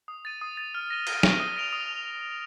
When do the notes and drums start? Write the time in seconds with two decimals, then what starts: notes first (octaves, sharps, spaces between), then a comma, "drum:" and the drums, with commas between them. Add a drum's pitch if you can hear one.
0.08 D#6
0.25 A6 D#7
0.41 D#6
0.57 A6 D#7
0.75 F6
0.90 A#6 D#7 G7
1.07 F6, drum: cymbal
1.23 A#6 D#7 G7, drum: snare
1.40 D#6
1.56 A#6 D7 F7
1.72 D#6